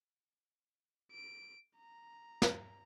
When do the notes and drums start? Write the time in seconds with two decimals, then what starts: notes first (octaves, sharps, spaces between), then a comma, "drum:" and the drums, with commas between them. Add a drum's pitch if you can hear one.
1.12 D7
1.77 A#5
2.42 drum: snare